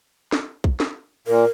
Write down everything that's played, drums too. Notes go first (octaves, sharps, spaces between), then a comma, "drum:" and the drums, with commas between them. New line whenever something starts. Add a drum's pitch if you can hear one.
drum: snare
drum: kick
drum: snare
A#2 A#4